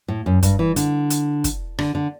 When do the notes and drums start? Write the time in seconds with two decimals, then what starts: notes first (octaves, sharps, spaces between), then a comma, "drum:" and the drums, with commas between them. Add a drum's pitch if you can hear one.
0.08 A2
0.26 F#2
0.43 G2, drum: kick, hi-hat
0.59 E3
0.76 D3, drum: hi-hat
1.10 drum: hi-hat
1.44 drum: kick, hi-hat
1.79 D3, drum: rim click
1.95 D3